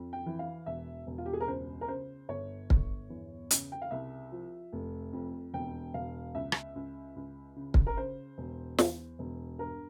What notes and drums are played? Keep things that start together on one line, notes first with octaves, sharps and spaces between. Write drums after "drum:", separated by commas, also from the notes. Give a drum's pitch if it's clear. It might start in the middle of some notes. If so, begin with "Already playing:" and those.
Already playing: F2
G5
E3
F5
E1 E5
E1
F4
G4
G#4
A#4
C#2 C5
A#4
C#3 C5
G1 C#5
G1, drum: kick
E2
C#3, drum: hi-hat
G5
F5
C2 E5
F3
F1
F2
E1 G5
E1 F5
C#2 E5
drum: rim click
C#2
C#2
C#3
drum: kick
A#4
C#3 C5
E1
E2, drum: snare
E1
G2 A#4